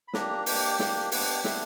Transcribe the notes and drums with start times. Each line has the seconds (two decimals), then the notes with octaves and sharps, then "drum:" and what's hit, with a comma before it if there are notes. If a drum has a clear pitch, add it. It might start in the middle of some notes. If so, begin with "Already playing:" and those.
0.08 B5
0.13 A#3 D4 G4 A#5, drum: snare
0.46 A#3 D4 G4 G5, drum: open hi-hat
0.79 A#3 D4 G4, drum: snare
1.12 B3 D4 G4 F#5, drum: open hi-hat
1.28 G5
1.44 B3 D4 G4 E5, drum: snare